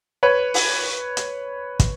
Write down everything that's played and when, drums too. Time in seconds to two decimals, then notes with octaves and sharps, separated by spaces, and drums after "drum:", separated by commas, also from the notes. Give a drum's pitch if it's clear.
0.23 B4 C#5
0.54 drum: open hi-hat
1.17 drum: hi-hat
1.80 drum: kick, hi-hat